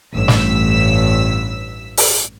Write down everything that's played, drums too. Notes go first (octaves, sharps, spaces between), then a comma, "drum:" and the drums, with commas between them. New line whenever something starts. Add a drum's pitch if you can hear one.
A1 G2 E6 B6
drum: snare
drum: open hi-hat